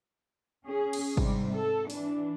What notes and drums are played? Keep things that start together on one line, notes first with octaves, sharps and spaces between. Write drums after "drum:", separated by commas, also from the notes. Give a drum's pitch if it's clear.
C#4 G#4
drum: cymbal
G#2 C3 G3, drum: kick
A4
E3 D4, drum: open hi-hat